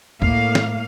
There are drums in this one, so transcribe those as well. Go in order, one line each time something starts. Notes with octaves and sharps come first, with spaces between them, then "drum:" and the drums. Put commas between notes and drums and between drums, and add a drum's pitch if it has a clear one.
A2 A#3 F5, drum: kick C#2
drum: snare